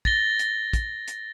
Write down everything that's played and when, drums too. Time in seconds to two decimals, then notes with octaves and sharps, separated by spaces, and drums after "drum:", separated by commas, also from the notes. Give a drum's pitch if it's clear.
0.05 A6 A#6 G7, drum: kick
0.39 drum: hi-hat
0.73 drum: kick, hi-hat
1.08 drum: hi-hat